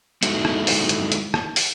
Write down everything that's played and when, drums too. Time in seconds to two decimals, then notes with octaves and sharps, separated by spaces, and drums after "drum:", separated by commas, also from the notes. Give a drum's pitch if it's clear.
0.23 G#3 D#4 E4 F#4 A4, drum: hi-hat
0.45 drum: rim click
0.67 drum: open hi-hat
0.89 drum: hi-hat
1.12 drum: hi-hat
1.34 drum: rim click
1.56 drum: open hi-hat